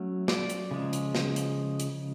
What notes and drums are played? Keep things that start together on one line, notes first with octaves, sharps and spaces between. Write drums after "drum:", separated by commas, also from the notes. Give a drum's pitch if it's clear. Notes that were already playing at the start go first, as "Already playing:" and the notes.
Already playing: F#3 A3 C#4
D5, drum: snare
drum: hi-hat
C#3 F3 G#3
drum: hi-hat
drum: snare
drum: hi-hat
drum: hi-hat